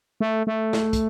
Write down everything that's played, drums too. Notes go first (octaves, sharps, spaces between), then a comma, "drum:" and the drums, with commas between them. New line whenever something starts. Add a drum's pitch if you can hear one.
A3
A3
drum: snare
drum: kick, hi-hat